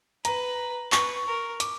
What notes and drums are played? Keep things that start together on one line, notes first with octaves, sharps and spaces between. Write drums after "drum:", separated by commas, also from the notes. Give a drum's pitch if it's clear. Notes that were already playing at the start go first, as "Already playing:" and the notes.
B4 A#5, drum: hi-hat
B4 C#6, drum: clap
A#4
D6, drum: hi-hat